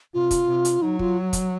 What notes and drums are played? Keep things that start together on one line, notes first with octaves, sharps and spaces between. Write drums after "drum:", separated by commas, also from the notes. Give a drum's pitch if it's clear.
C3 F4
drum: kick, hi-hat
C3
drum: hi-hat
F#3 D#4
F4, drum: kick
drum: kick, hi-hat